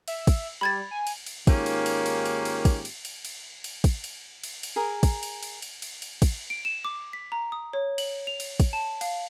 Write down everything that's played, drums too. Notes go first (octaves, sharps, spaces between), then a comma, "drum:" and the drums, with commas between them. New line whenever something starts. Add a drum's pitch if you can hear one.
E5, drum: cymbal
drum: kick, cymbal
G3 B5 G#6 A6
G#5
drum: cymbal
drum: cymbal
G#2 D#3 A#3 C#4 F4 G4, drum: kick, cymbal
drum: cymbal
drum: cymbal
drum: cymbal
drum: cymbal
drum: cymbal
drum: kick, cymbal
drum: cymbal
drum: cymbal
drum: cymbal
drum: cymbal
drum: kick, cymbal
drum: cymbal
drum: cymbal
drum: cymbal
G#4 A#4 A#5
drum: kick, cymbal
drum: cymbal
drum: cymbal
drum: cymbal
drum: cymbal
drum: cymbal
drum: kick, cymbal
D7
E7
D6
B6
A#5
D#6
C#5
F#7, drum: cymbal
F7
drum: cymbal
drum: kick, cymbal
A5
F5, drum: cymbal